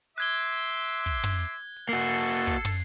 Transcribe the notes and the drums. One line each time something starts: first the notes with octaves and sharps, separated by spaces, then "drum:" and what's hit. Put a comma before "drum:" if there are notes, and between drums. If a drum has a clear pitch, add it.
E5 C6 D6 F#6 G#6 G7
drum: hi-hat
drum: hi-hat
drum: hi-hat
drum: kick, hi-hat
drum: tom
drum: hi-hat
drum: hi-hat
A#3 F#4 A4 C7
drum: hi-hat
drum: hi-hat
drum: kick, hi-hat
drum: tom